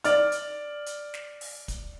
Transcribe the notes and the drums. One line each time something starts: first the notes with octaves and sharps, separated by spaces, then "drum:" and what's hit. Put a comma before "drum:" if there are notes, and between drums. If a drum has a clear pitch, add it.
D5 F6, drum: hi-hat
drum: hi-hat
drum: hi-hat
drum: snare
drum: open hi-hat
drum: kick, hi-hat